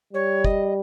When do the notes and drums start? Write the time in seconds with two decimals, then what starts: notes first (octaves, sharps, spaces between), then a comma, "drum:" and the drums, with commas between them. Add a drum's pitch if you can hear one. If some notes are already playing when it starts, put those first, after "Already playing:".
0.13 G3 C#5
0.44 D#5, drum: kick